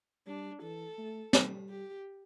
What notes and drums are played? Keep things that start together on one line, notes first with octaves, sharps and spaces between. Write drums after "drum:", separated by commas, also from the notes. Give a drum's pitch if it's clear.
G3 D4
E3 A4
A3
G3, drum: snare
G4